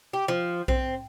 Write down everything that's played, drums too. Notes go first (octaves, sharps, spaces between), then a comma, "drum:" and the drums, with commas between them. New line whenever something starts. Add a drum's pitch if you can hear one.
G4
F3
C4, drum: kick B1